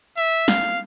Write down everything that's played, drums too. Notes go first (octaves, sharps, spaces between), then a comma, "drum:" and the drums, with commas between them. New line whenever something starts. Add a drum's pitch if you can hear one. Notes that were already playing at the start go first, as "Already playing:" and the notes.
E5, drum: hi-hat
F5, drum: snare